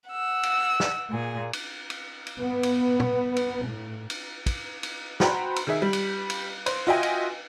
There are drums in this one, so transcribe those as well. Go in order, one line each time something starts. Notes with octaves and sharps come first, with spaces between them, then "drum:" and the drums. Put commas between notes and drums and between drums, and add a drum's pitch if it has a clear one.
F#5 E6
drum: cymbal
drum: snare
A#2 G#4
drum: cymbal
drum: cymbal
drum: cymbal
B3
drum: cymbal
drum: tom
drum: cymbal
A2
drum: cymbal
drum: kick, cymbal
drum: cymbal
F#4 C5 G5 A#5 B5, drum: snare
drum: cymbal
D#3 G#4 E5
G3
drum: cymbal
drum: cymbal
C5, drum: cymbal
F4 F#4 D#5 E5 G5 G#5
drum: cymbal